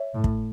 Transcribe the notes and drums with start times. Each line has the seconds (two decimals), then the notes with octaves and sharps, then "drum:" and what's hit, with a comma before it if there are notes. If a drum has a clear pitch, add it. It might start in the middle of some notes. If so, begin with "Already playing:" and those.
Already playing: C#5 E5
0.14 A2
0.24 drum: kick